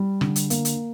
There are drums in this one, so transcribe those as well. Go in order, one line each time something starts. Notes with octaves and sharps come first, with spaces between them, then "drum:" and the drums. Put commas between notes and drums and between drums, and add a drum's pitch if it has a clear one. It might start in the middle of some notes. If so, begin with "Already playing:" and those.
Already playing: G3
D3, drum: rim click
drum: hi-hat
A#3, drum: hi-hat
drum: hi-hat